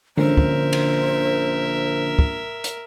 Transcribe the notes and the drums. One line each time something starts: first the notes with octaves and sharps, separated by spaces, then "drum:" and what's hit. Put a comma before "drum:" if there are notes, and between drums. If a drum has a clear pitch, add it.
A#1 D3 C#4 A#4 C5 E5, drum: tom D3
drum: kick
drum: cymbal
drum: kick
drum: hi-hat